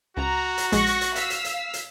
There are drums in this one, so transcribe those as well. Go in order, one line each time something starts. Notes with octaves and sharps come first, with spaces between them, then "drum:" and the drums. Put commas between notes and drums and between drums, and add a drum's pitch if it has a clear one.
C#2 F#4 A#5
drum: hi-hat
A#1 G#3 C#6 F#6 A#6, drum: hi-hat
drum: hi-hat
drum: hi-hat
F5 E6 B6, drum: hi-hat
drum: hi-hat
drum: hi-hat
drum: hi-hat